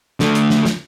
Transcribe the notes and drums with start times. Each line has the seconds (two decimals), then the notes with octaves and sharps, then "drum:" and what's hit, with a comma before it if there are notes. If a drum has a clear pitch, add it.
0.20 D3 A3, drum: snare
0.35 drum: hi-hat
0.50 drum: snare
0.65 drum: snare